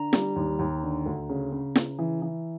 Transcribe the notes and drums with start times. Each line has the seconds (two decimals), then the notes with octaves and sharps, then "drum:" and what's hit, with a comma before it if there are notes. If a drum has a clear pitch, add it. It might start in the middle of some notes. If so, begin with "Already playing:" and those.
Already playing: D3 A#5
0.13 G3, drum: snare
0.36 D#2
0.59 D#2
0.83 D3
1.06 D2
1.30 C#3
1.53 C#3
1.76 C#3, drum: snare
1.99 E3
2.22 E3